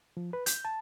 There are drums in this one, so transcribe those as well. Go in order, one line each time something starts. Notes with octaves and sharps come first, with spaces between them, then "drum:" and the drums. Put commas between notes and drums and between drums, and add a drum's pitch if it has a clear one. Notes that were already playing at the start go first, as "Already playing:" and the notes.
F3
B4
G6, drum: hi-hat
A5